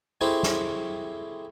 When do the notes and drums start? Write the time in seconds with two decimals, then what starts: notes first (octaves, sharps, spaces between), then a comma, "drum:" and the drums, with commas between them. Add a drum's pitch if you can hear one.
0.21 G#3 A3 C4 E4 G4 C5
0.43 drum: snare